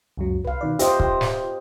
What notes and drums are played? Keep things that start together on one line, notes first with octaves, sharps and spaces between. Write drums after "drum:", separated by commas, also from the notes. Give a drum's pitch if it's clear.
C#2 F#2 F#3
C2 B4 F5
B2 D#3 D5
F4 G4 C5 D#5 E5, drum: hi-hat
G4, drum: kick
drum: snare